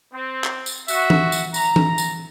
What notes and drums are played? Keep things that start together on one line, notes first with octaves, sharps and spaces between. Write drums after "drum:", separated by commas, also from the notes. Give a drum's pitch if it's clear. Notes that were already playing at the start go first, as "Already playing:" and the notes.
C4
drum: clap
drum: tambourine
F#4 E5, drum: tambourine
drum: tom E3
drum: tambourine
A#5, drum: tambourine
drum: tom E3
drum: tambourine